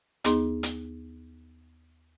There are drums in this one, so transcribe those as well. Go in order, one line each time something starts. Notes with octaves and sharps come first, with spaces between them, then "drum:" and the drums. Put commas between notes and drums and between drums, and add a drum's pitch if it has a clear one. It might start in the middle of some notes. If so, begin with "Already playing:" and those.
D#2 B3 D#4 G#4 C6, drum: hi-hat
drum: hi-hat